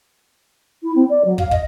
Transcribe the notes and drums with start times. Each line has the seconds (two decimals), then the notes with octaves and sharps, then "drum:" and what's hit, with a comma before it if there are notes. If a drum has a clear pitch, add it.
0.83 E4
0.95 C4
1.09 D5
1.24 F#3
1.38 F5, drum: kick
1.51 D#5, drum: kick